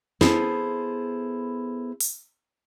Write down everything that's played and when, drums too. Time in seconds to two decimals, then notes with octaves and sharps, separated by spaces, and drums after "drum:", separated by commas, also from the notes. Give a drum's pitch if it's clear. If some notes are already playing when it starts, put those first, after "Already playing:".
0.21 B3 E4 G#4 A4 C5, drum: snare
2.00 drum: open hi-hat